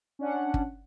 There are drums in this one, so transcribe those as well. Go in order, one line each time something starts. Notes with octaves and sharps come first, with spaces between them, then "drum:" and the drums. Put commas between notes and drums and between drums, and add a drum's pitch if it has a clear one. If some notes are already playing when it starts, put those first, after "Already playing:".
C#4 D4 F#5
drum: kick